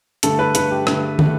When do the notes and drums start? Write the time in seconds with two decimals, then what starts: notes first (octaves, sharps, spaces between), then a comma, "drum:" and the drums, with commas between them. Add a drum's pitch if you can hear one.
0.23 G2 D3 A3 A4, drum: hi-hat
0.39 B4
0.55 G2 D3 A3 B4, drum: hi-hat
0.71 G4
0.87 G2 D3 A3, drum: rim click
1.19 D3 A3, drum: tom